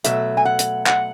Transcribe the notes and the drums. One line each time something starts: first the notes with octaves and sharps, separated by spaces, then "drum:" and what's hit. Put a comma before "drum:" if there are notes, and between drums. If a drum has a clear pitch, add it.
B2 F#3 A3 E5, drum: hi-hat
G#5
F#5
drum: hi-hat
F#5, drum: clap